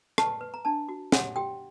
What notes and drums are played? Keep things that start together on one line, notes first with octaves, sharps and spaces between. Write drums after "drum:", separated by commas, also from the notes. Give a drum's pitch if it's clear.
B4 A5, drum: rim click
B4
A#5
D4 A5
F#4
G4 F#5, drum: snare
G4 G5